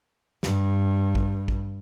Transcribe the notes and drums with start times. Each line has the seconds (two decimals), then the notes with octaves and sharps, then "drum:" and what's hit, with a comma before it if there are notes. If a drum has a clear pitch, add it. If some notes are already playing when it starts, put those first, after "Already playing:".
0.43 G2, drum: snare
1.15 drum: kick
1.48 drum: kick